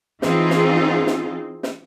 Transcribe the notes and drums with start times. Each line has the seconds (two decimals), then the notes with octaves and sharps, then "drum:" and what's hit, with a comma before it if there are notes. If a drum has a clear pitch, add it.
0.22 E3 C4 D#4 F4 G#4, drum: snare
0.50 drum: snare
1.07 drum: snare
1.63 drum: snare